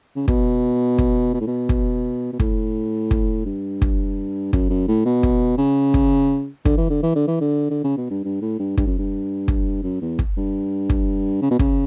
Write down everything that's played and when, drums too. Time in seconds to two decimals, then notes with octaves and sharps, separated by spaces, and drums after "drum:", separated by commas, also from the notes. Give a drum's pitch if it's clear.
0.16 C#3
0.28 B2, drum: kick
0.98 drum: kick
1.34 B2
1.40 A2
1.47 B2
1.69 drum: kick
2.33 B2
2.39 A2, drum: kick
3.11 drum: kick
3.46 G2
3.82 drum: kick
4.53 F#2, drum: kick
4.70 F#2
4.88 A2
5.05 B2
5.23 drum: kick
5.58 C#3
5.94 drum: kick
6.65 D3, drum: kick
6.77 E3
6.90 D3
7.03 E3
7.16 D3
7.28 E3
7.41 D3
7.71 D3
7.84 C#3
7.97 B2
8.10 G2
8.24 G2
8.42 A2
8.59 G2
8.77 G2, drum: kick
8.87 F#2
8.99 G2
9.48 drum: kick
9.83 F#2
10.02 E2
10.19 drum: kick
10.37 G2
10.90 drum: kick
11.42 C#3
11.51 B2
11.59 C#3, drum: kick